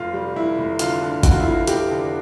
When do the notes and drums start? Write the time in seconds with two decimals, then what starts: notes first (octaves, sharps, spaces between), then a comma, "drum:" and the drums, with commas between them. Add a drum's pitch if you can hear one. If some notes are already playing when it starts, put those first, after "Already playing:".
Already playing: F1 F4
0.13 G3
0.36 F1 E4
0.58 F1
0.79 D3 F4, drum: hi-hat
1.01 D3
1.23 D3 F#4, drum: kick G#1, hi-hat
1.32 F4
1.40 E4
1.46 F1 F4
1.67 F1 G4, drum: hi-hat
1.90 D3